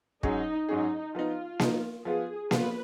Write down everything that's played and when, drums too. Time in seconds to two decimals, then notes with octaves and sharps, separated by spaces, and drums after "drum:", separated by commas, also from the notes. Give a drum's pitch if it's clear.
0.23 G#2 F#3 C#4 D#4 G#4, drum: kick
0.69 G#2 F#3 C#4 D#4 G#4
1.14 F3 B3 D#4 F4
1.59 F3 B3 D#4, drum: snare A#3
2.05 F3 B3 F4 G#4
2.51 F3 B3 F4 B4, drum: snare A#3